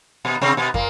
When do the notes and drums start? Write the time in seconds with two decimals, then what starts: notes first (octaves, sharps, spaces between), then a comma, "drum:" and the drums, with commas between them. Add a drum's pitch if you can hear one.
0.25 B2 B3
0.42 C3 C4
0.57 B2 B3
0.74 A#2 A#3, drum: kick